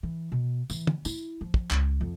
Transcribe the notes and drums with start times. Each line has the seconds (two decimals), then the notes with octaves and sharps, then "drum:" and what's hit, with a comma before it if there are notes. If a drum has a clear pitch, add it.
0.03 E3
0.32 B2
0.70 E3, drum: tambourine
0.87 drum: tom
1.05 E4, drum: tambourine
1.41 F3
1.54 drum: kick
1.71 C#2, drum: clap
2.01 F2